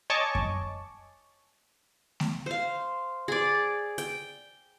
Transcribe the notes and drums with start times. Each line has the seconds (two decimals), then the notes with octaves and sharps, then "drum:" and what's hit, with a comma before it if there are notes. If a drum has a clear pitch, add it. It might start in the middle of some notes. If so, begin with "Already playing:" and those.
0.10 C#5 D#5 G#5 A5 C#6 D6
0.35 drum: kick F#2
2.20 drum: snare A3
2.46 C5 F5
3.28 G#4 D5
3.98 G5, drum: hi-hat